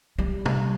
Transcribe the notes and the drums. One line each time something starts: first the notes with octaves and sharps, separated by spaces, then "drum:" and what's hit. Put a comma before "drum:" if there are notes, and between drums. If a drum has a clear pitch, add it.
G3
drum: tom C3